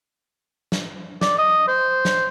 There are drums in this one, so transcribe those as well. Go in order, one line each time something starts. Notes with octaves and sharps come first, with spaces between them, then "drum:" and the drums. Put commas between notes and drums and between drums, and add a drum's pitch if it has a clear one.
drum: snare
D5, drum: snare
D#5
C5
drum: snare